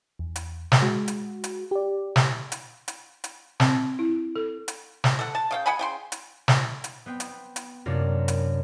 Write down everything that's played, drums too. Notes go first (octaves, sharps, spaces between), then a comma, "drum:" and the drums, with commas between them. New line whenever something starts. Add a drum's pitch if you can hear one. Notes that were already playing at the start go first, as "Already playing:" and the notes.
E2
drum: hi-hat
drum: snare
G#3 F#4
drum: hi-hat
drum: hi-hat
G4 D5
drum: snare
drum: hi-hat
drum: hi-hat
drum: hi-hat
C4, drum: snare
E4
A4
drum: hi-hat
drum: snare
A4 F#5
A5
C#3 F5 G5
G#3 F#5 G#5 B5
C#3 G5 C6
drum: hi-hat
drum: snare
drum: hi-hat
B3 C4 G5
drum: hi-hat
drum: hi-hat
F#2 C3 A#3 D4 F4
drum: hi-hat